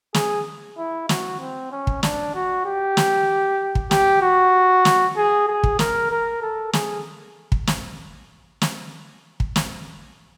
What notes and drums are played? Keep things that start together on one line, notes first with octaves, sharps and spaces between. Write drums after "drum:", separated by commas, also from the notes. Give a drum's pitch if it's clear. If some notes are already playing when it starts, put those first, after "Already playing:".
G#4, drum: snare
E4
F#4, drum: snare
C4
C#4
drum: kick
D4, drum: snare
F#4
G4
drum: snare
drum: kick
G4, drum: snare
F#4
drum: snare
G#4
G#4
drum: kick
A#4, drum: snare
A#4
A4
G#4, drum: snare
drum: kick
drum: snare
drum: snare
drum: kick
drum: snare